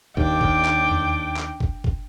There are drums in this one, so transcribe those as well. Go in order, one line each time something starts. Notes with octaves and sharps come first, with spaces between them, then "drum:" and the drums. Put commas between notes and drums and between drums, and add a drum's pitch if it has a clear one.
D#2 D4 G5 D6, drum: kick
drum: kick
drum: clap
drum: tom E2
drum: clap
drum: kick
drum: kick